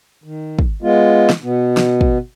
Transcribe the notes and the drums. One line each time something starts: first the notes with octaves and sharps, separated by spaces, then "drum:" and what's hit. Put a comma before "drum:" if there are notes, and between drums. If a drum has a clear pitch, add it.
D#3
drum: kick
G#3 B3 F4
drum: snare
B2 B3
drum: snare
drum: kick